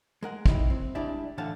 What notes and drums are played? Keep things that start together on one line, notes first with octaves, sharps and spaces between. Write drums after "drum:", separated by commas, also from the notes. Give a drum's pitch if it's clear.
G#3 A#4 F#5
C3 D#4 E4, drum: kick
C4
G3 G#3 D4 E4 D5 E5
A2 D3 E3 F5 F#5 A5